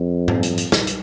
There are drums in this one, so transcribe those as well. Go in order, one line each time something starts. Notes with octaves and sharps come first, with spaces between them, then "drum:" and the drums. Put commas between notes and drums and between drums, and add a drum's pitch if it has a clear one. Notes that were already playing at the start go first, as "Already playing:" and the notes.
Already playing: F2
drum: tom G#2
drum: hi-hat
drum: hi-hat
drum: snare
drum: hi-hat